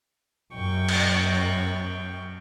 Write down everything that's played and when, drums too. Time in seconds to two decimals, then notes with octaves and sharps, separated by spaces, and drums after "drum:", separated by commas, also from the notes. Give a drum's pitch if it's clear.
0.54 F#2 G5 C#6
0.89 drum: cymbal